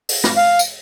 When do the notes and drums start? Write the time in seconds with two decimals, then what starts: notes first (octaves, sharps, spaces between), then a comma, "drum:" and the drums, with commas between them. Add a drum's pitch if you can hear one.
0.09 drum: open hi-hat
0.24 drum: rim click
0.37 F5
0.59 drum: tambourine